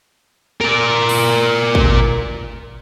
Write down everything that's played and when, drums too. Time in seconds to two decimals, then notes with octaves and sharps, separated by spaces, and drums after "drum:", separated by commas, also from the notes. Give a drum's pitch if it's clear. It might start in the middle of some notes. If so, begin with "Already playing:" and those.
0.61 A#4 D5
1.09 drum: open hi-hat
1.75 drum: kick